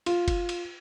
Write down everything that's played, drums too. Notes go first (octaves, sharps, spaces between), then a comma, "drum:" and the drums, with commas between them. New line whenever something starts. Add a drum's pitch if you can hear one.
F4, drum: cymbal
drum: kick F#1, cymbal
drum: cymbal